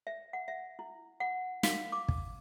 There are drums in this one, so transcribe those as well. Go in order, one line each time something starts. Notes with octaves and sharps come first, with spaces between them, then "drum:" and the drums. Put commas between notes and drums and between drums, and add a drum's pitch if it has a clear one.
E5
F#5
E5
E4
F#5
F5, drum: snare
D6
drum: kick